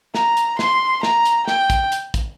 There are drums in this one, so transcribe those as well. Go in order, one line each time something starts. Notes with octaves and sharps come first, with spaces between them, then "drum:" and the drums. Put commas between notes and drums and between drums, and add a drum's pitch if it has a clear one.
A#5, drum: snare
drum: hi-hat
C6, drum: snare
A#5, drum: snare
drum: hi-hat
G5, drum: snare
drum: kick, hi-hat
drum: hi-hat
drum: kick, hi-hat